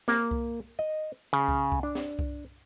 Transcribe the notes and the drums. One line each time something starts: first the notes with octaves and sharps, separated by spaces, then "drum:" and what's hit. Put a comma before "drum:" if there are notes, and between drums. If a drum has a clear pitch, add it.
A#3, drum: snare
drum: kick C2
D#5
C#3
drum: kick C2
drum: kick C2
D4
drum: snare
drum: kick C2